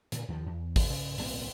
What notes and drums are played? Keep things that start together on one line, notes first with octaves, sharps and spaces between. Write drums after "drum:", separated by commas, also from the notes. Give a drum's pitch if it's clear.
A#2 D3, drum: hi-hat
D#2 D#3 F3
E2
drum: kick G#1, open hi-hat
C#3
D1 B1 A#3 C4, drum: open hi-hat